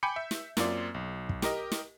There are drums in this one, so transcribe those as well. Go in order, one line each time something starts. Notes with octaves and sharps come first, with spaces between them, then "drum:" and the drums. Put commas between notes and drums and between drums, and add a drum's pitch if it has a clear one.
G5 G#5 B5 D6 G6 C#7
E5
drum: snare
F#2 A#3 C4 F4 D5, drum: snare
B1
drum: kick
G4 A#4 D#5, drum: snare
drum: snare